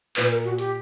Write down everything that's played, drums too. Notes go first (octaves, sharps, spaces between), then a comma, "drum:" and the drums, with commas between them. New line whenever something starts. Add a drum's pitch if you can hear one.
A#2 B4, drum: clap
A#4
F#4
G4, drum: hi-hat